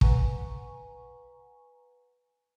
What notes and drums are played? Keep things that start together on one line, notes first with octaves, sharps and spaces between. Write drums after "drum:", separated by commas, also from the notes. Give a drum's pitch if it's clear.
B4 F#5 G#5 A#5 C#6, drum: kick